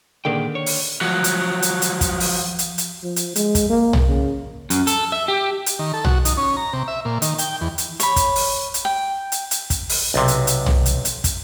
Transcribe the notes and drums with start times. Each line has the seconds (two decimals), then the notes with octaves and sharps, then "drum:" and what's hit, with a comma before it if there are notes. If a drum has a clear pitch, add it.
0.25 A#2 D3 D#3 A#3 G#4 G5
0.55 C#5
0.66 drum: open hi-hat
1.01 F3 F#3
1.24 drum: hi-hat
1.62 drum: hi-hat
1.82 drum: hi-hat
2.01 drum: kick, hi-hat
2.20 drum: open hi-hat
2.59 drum: hi-hat
2.78 drum: hi-hat
3.03 F3
3.16 drum: hi-hat
3.36 G#3, drum: hi-hat
3.55 drum: kick, hi-hat
3.70 A#3
3.93 drum: tom
4.08 C#3
4.70 F#2, drum: hi-hat
4.87 A4, drum: hi-hat
5.12 E5
5.28 G4
5.66 drum: hi-hat
5.79 D#3
5.93 A4
6.05 F#4, drum: tom
6.25 D#4, drum: hi-hat
6.37 C#4
6.57 A#5
6.73 C3
6.88 E5
7.05 A#2
7.22 D#3, drum: hi-hat
7.38 G5, drum: hi-hat
7.61 E2
7.78 drum: hi-hat
8.00 C#5 B5, drum: hi-hat
8.16 drum: kick, hi-hat
8.36 drum: open hi-hat
8.74 drum: hi-hat
8.85 G5
9.32 drum: hi-hat
9.51 drum: hi-hat
9.70 drum: kick, hi-hat
9.89 drum: open hi-hat
10.14 B1 C3
10.28 drum: hi-hat
10.47 drum: hi-hat
10.66 drum: tom
10.86 drum: hi-hat
11.05 drum: hi-hat
11.24 drum: kick, hi-hat